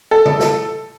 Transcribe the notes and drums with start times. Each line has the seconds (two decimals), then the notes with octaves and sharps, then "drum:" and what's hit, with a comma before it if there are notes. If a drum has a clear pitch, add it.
0.11 A4
0.26 drum: tom C#3
0.40 drum: snare